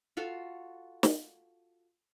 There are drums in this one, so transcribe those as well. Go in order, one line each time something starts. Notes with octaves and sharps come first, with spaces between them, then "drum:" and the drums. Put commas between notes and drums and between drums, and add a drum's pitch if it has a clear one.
F4 F#4 A4 F5
drum: snare